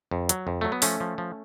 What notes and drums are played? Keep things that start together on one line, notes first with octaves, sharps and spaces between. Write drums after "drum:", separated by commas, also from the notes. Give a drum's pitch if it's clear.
F2
F#3, drum: hi-hat
F2
F#3 A3
B3
F3 A3 C#4, drum: open hi-hat
F3
F3